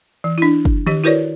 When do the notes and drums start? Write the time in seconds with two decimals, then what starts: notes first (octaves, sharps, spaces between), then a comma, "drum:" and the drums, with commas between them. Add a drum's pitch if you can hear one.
0.24 E3
0.38 D4 E4
0.65 drum: kick
0.87 D#3 G4 D#5, drum: tom E3
1.04 E4 F#4 A#4 B4 C#5 D5